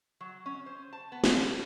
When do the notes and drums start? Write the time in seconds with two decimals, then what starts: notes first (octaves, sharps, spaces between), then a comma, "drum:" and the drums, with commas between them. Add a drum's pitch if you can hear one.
0.21 F#3
0.46 C#4
0.66 C5
0.93 A5
1.12 B3
1.24 C#4, drum: snare
1.39 G3